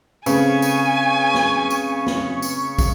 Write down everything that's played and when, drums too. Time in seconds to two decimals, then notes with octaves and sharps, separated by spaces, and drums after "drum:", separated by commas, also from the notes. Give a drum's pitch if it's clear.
0.26 C#3 A3 C4 B4 G#5 C#6, drum: tambourine
0.62 drum: tambourine
1.34 drum: snare
1.70 drum: tambourine
2.06 drum: snare
2.42 drum: tambourine
2.79 drum: kick, tambourine